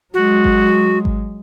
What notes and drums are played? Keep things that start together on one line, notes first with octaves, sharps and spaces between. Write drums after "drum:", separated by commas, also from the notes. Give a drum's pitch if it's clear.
F#3 G#3 F#4
drum: kick G#1
drum: kick G#1